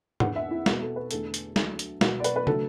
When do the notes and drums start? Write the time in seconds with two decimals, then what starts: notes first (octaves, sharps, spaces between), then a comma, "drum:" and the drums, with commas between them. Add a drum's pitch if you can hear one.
0.20 E2 D3 B3 F#5, drum: tom G#2
0.36 E5
0.51 E4
0.66 B2 B3 F#4, drum: snare
0.82 A4
0.96 B4
1.11 E2 D3 A3 A4, drum: hi-hat
1.34 drum: hi-hat
1.56 D2 D3 F#3, drum: snare
1.79 drum: hi-hat
2.01 B2 F#3 B3 F#4, drum: snare
2.20 D5
2.24 B4, drum: hi-hat
2.36 B4
2.47 D3 F#3 A3 A4, drum: tom